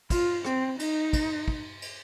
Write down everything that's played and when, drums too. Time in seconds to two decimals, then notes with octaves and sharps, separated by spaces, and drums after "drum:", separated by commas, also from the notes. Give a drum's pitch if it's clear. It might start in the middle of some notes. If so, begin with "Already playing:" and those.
0.10 F4, drum: kick, cymbal
0.45 C4, drum: rim click
0.79 D#4, drum: cymbal
1.13 drum: kick, cymbal
1.48 drum: kick
1.82 drum: cymbal